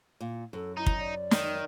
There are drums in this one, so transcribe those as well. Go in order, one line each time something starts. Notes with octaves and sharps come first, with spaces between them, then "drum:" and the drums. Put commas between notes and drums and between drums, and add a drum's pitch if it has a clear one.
A#2
F#2 A4
D#4 E4
drum: kick
D5
D#3, drum: snare